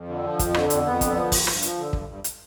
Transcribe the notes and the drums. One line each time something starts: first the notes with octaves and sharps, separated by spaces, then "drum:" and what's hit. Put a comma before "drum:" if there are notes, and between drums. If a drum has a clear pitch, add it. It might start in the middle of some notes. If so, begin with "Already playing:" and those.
Already playing: F2
D3
F3
F2, drum: kick, hi-hat
D3, drum: rim click
F2, drum: hi-hat
F2 B3
D3, drum: kick, hi-hat
F3
G2, drum: kick, open hi-hat
G2, drum: rim click
F3, drum: hi-hat
D3
G2, drum: kick
G2
drum: hi-hat